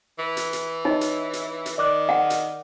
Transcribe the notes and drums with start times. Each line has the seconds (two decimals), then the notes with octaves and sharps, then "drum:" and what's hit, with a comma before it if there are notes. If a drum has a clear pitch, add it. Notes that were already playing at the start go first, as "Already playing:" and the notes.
0.19 E3
0.37 drum: hi-hat
0.53 drum: hi-hat
0.85 D#4 C#5 D#5
1.01 drum: hi-hat
1.33 drum: hi-hat
1.66 drum: hi-hat
1.78 D#3 D5 D6 F#6
2.09 F#5
2.30 drum: hi-hat